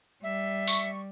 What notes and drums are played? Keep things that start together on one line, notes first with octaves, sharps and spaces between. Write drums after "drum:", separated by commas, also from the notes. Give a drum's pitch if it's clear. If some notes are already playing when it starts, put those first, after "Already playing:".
G3 E5
C#6, drum: tambourine